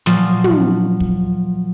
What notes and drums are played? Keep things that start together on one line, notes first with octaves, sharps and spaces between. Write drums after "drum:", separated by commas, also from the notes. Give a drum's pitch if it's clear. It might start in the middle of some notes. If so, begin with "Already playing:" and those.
A#2 F3 F#3 C6 F6 A6, drum: snare
drum: tom
drum: kick